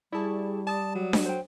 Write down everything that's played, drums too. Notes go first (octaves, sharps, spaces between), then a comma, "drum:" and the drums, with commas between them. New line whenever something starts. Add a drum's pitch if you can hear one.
G3 E4 G#4 D5 A5 C#6
D5 A5 D#6 E7
F#3
drum: snare D4
C5 G5